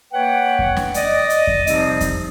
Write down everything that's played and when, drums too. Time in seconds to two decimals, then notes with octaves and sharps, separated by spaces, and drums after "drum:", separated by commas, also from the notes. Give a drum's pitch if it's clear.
0.12 A#3 B4 C#5 F#5 G5
0.59 drum: kick F2
0.77 drum: snare
0.94 D5 D#5, drum: hi-hat
1.30 drum: hi-hat
1.47 drum: kick F2
1.67 C3 F3 G3 C4 D#4, drum: hi-hat
2.00 drum: kick F2, hi-hat